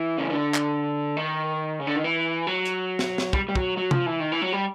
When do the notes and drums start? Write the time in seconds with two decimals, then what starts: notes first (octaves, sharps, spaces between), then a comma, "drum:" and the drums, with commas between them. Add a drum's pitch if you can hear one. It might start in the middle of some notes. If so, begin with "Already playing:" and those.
Already playing: E3
0.18 C#3
0.30 D3
0.54 drum: clap
1.17 D#3
1.80 C#3
1.87 D3
1.96 D#3
2.04 E3
2.47 F#3
2.65 drum: hi-hat
2.99 drum: snare
3.18 drum: snare
3.33 G3, drum: kick
3.49 G3
3.55 F#3, drum: kick
3.77 F#3
3.91 F3, drum: tom C3
4.06 E3
4.20 D#3
4.32 E3
4.42 F#3
4.53 G3